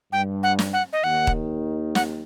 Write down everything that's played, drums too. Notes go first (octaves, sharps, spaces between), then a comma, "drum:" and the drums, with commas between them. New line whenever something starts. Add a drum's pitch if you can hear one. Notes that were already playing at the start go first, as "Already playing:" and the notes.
G2 G5
F#5
drum: snare
F#5
D#5
D#2 D#3 F#5
drum: kick D#1
F#5, drum: snare